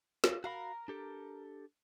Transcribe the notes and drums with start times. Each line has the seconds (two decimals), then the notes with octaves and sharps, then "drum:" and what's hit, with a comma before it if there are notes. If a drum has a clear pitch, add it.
0.24 drum: snare
0.44 F#4 A#4 F5 B5
0.88 D4 G4 A4